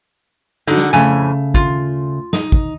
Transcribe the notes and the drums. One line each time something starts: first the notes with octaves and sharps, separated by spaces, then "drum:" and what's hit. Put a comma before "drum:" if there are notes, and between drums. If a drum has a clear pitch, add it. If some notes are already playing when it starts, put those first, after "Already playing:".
D3 D#4 F#4 A4 F#5
drum: snare
F2 A2 C#3 A3 G#5
F4, drum: kick
D#4, drum: snare
drum: kick